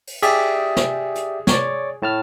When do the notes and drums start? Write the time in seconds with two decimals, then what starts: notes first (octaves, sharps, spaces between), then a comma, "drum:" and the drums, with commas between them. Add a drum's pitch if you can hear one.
0.07 drum: open hi-hat
0.22 G4 G#4 D5 E5, drum: cymbal
0.76 drum: snare
1.16 drum: hi-hat
1.47 C#5 D5, drum: snare
2.02 A2 A5 F6